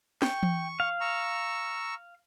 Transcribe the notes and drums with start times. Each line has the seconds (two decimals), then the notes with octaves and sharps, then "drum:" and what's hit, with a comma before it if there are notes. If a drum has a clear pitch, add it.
0.22 G5 C#6, drum: snare
0.43 drum: tom E3
0.80 F5
1.01 A#5 C#6 E6